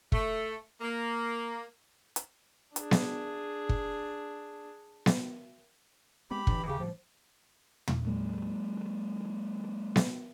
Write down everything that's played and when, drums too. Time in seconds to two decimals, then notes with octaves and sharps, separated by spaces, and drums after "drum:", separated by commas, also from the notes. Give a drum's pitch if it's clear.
0.12 A3, drum: kick
0.81 A#3
2.16 drum: hi-hat
2.76 D4 G#4, drum: hi-hat
2.91 drum: snare B3
3.69 drum: kick
5.06 drum: snare B3
6.31 G#3 B3 C4 G4 B5
6.47 D1 D3 E3 D4, drum: kick
6.67 D#2 C#3 G4
6.79 A2 D3 F3 G3
7.88 drum: tom
8.07 F#3 G#3 A#3
9.96 drum: snare B3